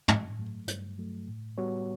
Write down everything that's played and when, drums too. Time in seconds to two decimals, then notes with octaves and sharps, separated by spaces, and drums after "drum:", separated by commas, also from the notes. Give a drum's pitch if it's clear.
0.08 G2, drum: tom
0.39 F#3 A3
0.68 G2, drum: hi-hat
0.98 F#3 A3
1.28 A2
1.58 G3 B3 F#4 C#5